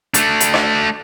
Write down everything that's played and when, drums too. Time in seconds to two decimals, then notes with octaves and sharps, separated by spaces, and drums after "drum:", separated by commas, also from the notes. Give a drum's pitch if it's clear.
0.14 A3 D4, drum: hi-hat
0.40 drum: hi-hat
0.54 drum: rim click